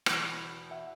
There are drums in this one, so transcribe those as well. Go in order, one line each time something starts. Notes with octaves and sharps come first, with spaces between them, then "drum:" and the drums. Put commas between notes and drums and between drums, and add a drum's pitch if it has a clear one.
E2 B2, drum: rim click
E5 F#5